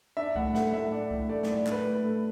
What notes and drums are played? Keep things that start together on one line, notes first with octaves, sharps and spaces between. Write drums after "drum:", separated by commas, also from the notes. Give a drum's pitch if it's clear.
D4 E5
A2 F#5, drum: kick C2
A3 F#5, drum: snare
A2 E5
D4
A2, drum: kick C2
A3 D5
A2 D5, drum: snare
D4 B4, drum: clap
A2
A3